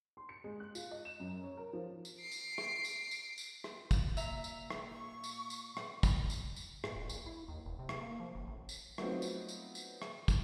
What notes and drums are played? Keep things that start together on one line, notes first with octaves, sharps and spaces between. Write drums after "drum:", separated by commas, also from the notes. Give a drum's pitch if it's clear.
C6
C#7
G#3
F#6
F4, drum: tambourine
D#5
E7
F#2
C#5
A#4
F3
drum: tambourine
C7 D7
drum: tambourine
drum: rim click
drum: tambourine
drum: tambourine
drum: tambourine
drum: rim click
drum: kick, tambourine
A#2 E5 A#5, drum: tambourine
drum: tambourine
drum: rim click
C#6
drum: tambourine
drum: tambourine
drum: rim click
drum: kick, tambourine
drum: tambourine
drum: tambourine
G#2, drum: rim click
D#1
A#1, drum: tambourine
E4
D#2
E1
C3
drum: rim click
A#3
F3
F#1
A1
drum: tambourine
F#3 A3 B3 C4 D#4 F4, drum: rim click
drum: tambourine
drum: tambourine
drum: tambourine
drum: rim click
drum: kick, tambourine